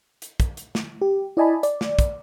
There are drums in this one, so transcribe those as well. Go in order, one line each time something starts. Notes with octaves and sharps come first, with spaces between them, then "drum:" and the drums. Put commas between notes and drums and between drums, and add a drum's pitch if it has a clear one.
drum: hi-hat
drum: kick, hi-hat
drum: hi-hat
drum: snare
G4
E4 D5 D#5 G#5 A5 B5
D5, drum: hi-hat
drum: snare
drum: kick, hi-hat